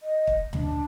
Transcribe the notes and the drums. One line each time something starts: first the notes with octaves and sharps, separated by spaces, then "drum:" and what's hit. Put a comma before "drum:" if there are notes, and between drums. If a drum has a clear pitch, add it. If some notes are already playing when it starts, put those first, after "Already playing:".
D#5
drum: kick
D4, drum: tom D2